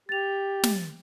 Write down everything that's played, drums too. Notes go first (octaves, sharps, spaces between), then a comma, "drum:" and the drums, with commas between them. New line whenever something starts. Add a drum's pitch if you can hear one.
G4 A6 F7
drum: snare